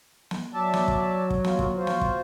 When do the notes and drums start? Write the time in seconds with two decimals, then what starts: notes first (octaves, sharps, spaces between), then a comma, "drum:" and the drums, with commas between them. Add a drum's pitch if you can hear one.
0.31 drum: snare
0.54 F#3 D5 E5 A5
0.74 drum: snare
0.88 drum: kick
1.30 drum: kick
1.45 D#2 F4 F#4, drum: snare
1.59 drum: kick
1.77 F4 F#4 C5
1.87 drum: snare
2.01 drum: kick